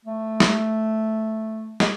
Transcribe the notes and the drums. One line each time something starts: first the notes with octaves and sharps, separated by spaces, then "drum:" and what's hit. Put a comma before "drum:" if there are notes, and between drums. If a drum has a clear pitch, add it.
A3
drum: snare
G#3, drum: snare